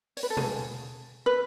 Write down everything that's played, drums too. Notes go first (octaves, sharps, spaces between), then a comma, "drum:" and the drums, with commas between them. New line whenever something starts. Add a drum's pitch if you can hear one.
C#5, drum: open hi-hat
B4
A4
G#4, drum: tom B2
B4